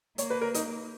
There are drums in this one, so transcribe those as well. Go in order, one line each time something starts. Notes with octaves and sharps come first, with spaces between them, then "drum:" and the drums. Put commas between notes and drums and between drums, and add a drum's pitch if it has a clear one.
A#3 C#5, drum: hi-hat
B4
A#4
D#4, drum: hi-hat